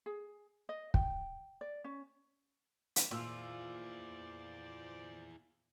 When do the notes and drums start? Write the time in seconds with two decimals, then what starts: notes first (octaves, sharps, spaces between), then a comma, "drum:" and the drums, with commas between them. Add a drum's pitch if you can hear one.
0.06 G#4
0.69 D#5
0.94 G5, drum: kick
1.61 D5
1.84 C#4
2.96 drum: hi-hat
3.11 A#2 E4 F4 G#4 C5 D5 E6